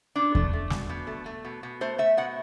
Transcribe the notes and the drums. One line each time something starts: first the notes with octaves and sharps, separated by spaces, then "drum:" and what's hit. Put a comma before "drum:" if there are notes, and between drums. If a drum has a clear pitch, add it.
B2 D4
A3, drum: kick E2
A3
B2, drum: snare
B2
A3
A3
B2
B2
A3 C5
A3 E5
B2 F#5